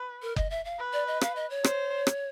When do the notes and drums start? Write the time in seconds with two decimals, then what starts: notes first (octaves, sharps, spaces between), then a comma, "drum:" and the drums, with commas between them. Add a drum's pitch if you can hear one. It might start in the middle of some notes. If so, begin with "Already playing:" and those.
Already playing: B4
0.22 A#4
0.36 D#5, drum: kick F#1
0.50 E5
0.65 F5
0.79 B4
0.93 D5
1.07 D#5
1.21 F5, drum: rim click
1.35 D#5
1.50 C#5
1.64 C5, drum: rim click
2.07 drum: rim click